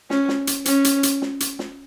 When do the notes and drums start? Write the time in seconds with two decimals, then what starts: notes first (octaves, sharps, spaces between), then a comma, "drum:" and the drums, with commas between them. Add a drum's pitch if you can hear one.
0.10 C#4, drum: snare
0.29 drum: snare
0.47 drum: hi-hat
0.65 C#4, drum: hi-hat
0.84 drum: hi-hat
1.03 drum: hi-hat
1.22 drum: snare
1.40 drum: hi-hat
1.59 drum: snare